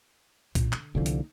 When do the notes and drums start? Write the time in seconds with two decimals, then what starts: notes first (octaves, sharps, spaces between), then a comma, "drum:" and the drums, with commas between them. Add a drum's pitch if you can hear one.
0.55 A#2, drum: kick B1, hi-hat
0.72 D3, drum: clap
0.95 C2 D3 F3 A#3 D#4
1.06 drum: hi-hat